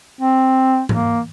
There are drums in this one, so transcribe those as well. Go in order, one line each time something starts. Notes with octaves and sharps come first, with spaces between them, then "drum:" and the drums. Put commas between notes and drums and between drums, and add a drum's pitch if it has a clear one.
C4
A#3, drum: tom G#2